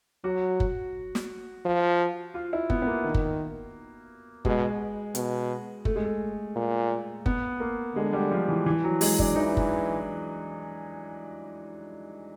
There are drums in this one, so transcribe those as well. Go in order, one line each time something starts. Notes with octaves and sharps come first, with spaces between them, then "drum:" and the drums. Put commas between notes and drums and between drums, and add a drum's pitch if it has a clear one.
F#3 F#4
drum: kick F#1
drum: snare
F3
F4
E4
B3, drum: kick F#1
B3
A#3
D#3
drum: kick F#1
B2 G#3, drum: kick F#1
B2, drum: hi-hat
A3, drum: kick F#1
G#3
A3
A#2
B3, drum: kick F#1
A#3
D3 G#3
G3
F3
E3
E3
F#3
G#3, drum: open hi-hat
D4, drum: kick F#1
E3 D#4
drum: kick F#1